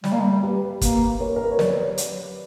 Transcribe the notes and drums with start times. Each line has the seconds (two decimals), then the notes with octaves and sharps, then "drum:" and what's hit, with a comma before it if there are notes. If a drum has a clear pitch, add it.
0.04 G3, drum: snare
0.12 A#3
0.20 G3
0.43 G4 B4
0.81 A#3, drum: kick, hi-hat
1.20 A#4 C#5
1.36 A#4
1.43 B4
1.51 C#5
1.59 F#3 B4 D5, drum: snare
1.98 drum: hi-hat